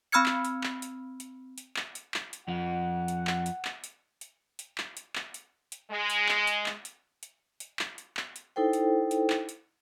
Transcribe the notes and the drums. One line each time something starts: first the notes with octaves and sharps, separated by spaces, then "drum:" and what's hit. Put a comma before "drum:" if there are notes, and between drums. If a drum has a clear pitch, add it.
C4 B5 E6 F6 G#6 C#7
drum: clap
drum: hi-hat
drum: clap
drum: hi-hat
drum: hi-hat
drum: hi-hat
drum: clap
drum: hi-hat
drum: clap
drum: hi-hat
F2 F3 F#5
drum: hi-hat
drum: clap
drum: hi-hat
drum: clap
drum: hi-hat
drum: hi-hat
drum: hi-hat
drum: clap
drum: hi-hat
drum: clap
drum: hi-hat
drum: hi-hat
G#3
drum: hi-hat
drum: clap
drum: hi-hat
drum: clap
drum: hi-hat
drum: hi-hat
drum: hi-hat
drum: clap
drum: hi-hat
drum: clap
drum: hi-hat
D#4 E4 A4 C5 G5
drum: hi-hat
drum: hi-hat
drum: clap
drum: hi-hat